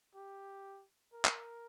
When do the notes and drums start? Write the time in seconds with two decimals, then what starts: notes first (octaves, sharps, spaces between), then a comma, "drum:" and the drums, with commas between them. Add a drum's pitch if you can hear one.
0.15 G4
1.13 A#4
1.25 drum: clap